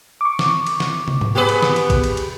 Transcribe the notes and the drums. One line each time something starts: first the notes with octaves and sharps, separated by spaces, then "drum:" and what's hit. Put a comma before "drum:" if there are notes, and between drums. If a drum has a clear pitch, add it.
C#6 D6
drum: snare
drum: cymbal
drum: snare
drum: tom
drum: tom G#2
B3 G4 G#4 B4
drum: cymbal
drum: snare
drum: cymbal
drum: kick A1, cymbal
drum: cymbal
drum: cymbal